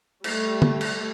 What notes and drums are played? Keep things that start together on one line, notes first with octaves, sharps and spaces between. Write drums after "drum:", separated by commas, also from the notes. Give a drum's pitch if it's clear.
G3 A3, drum: cymbal
drum: tom
drum: cymbal